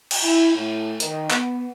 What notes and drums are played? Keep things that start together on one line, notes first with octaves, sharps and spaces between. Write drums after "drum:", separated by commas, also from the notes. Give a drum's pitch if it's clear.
drum: cymbal
E4
A2
D#3, drum: hi-hat
B3, drum: clap